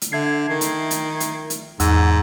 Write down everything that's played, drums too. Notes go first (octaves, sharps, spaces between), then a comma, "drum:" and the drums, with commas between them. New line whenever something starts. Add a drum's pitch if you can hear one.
drum: hi-hat
D3 E5 G#6 C7
D#3
drum: hi-hat
drum: hi-hat
drum: hi-hat
drum: hi-hat
E2 G#2 F#5 E6, drum: hi-hat